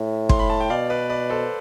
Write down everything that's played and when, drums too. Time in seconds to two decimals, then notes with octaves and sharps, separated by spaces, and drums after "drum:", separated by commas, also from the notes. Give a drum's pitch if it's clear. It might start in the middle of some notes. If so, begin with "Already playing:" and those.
Already playing: A2
0.29 C6, drum: kick
0.39 B5
0.50 A5
0.60 G5
0.70 B2 D5 F5
0.90 B4 D5
1.10 B4 D5
1.30 A4 C5